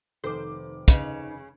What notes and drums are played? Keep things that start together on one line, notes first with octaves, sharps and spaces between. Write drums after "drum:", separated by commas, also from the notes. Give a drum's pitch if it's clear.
F1 D#3 A4 C5 D6
C#3 D#4 B4, drum: kick, hi-hat